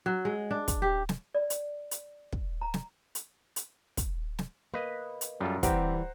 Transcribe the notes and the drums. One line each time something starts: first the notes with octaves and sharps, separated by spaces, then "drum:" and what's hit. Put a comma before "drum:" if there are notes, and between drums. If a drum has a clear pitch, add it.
F#3
G#3
D4
drum: kick, hi-hat
G4
drum: snare
D5
drum: hi-hat
drum: hi-hat
drum: kick
A#5
drum: snare
drum: hi-hat
drum: hi-hat
drum: kick, hi-hat
drum: snare
A#3 B4 D#5
drum: hi-hat
F#2 G3 F4 A4
E3 G3 C4 G4 C5 F#5 A#5, drum: kick, hi-hat